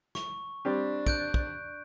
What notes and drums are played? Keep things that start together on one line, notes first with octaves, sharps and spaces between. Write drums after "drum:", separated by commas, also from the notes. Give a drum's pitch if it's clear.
C#6, drum: snare
G3 C4 D4 G4
F#6 G6 D7, drum: kick
drum: kick